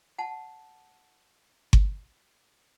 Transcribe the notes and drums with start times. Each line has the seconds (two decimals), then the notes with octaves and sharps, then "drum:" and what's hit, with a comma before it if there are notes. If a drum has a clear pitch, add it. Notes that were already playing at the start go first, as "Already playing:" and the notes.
0.18 F#5 A5
1.73 drum: kick G1